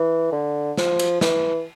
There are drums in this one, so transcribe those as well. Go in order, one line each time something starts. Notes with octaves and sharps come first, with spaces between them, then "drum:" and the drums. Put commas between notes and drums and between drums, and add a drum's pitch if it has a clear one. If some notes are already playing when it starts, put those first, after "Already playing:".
Already playing: E3
D3
F3, drum: snare
drum: cymbal
E3, drum: snare